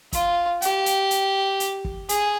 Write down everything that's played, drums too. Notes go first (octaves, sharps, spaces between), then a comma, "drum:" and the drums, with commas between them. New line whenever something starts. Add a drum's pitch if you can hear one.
F4, drum: kick, hi-hat
G4, drum: hi-hat
drum: hi-hat
drum: hi-hat
drum: hi-hat
drum: kick
G#4, drum: hi-hat